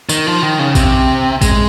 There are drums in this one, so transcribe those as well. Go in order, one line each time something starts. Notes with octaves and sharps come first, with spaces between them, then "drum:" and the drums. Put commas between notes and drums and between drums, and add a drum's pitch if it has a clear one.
D#3, drum: tambourine
F3
D#3
C#3
C3, drum: kick A1, tambourine
G#3, drum: kick A1, tambourine